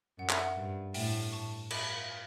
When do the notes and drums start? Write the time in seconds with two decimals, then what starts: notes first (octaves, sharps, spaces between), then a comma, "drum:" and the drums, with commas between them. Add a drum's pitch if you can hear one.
0.18 F#2 F#5
0.30 E5, drum: clap
0.39 F#5
0.57 G2
0.94 A2 E5 G5, drum: open hi-hat
1.32 A5 C#6
1.70 B5 D6, drum: cymbal